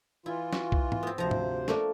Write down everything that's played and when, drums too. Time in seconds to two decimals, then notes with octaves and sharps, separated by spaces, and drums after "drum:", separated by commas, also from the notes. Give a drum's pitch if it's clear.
0.26 E3 E4 F4
0.53 F#4, drum: snare
0.72 drum: kick B1
0.92 drum: tom G#2
1.03 B3 C4
1.18 D2 C3 F3 C5 A#5
1.31 drum: tom G#2
1.68 A3 A#3 D4, drum: snare